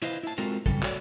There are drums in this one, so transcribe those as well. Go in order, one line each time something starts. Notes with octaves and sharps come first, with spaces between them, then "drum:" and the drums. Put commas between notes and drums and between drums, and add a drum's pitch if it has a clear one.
E4 B4 C5 D#5 F5
E4 A5
G#3 C4 F4 F#4 A4 A#4
C#3 G3 A4, drum: kick
F#4 A4 C#5 D5, drum: clap